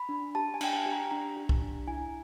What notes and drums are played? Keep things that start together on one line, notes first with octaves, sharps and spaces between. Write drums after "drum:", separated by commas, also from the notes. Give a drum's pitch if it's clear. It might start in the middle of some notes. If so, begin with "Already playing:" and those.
Already playing: B5
D4
G4 A5
G#5
D4 G5, drum: cymbal
G#5
G4
A#5
D4 A#5
G4
drum: kick
D4
E4 G#5